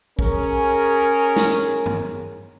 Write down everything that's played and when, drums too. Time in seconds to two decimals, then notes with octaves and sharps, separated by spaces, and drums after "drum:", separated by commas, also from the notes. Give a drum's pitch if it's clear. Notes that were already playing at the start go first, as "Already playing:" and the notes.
0.19 C#4 G#4 A#4, drum: kick
1.36 drum: snare
1.86 drum: tom